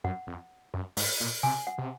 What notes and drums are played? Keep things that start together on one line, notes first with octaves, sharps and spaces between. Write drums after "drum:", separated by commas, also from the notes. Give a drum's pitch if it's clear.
F#2 F#5
F2
F#2
G#2, drum: open hi-hat
A#2
C3 G#5
F#5
C3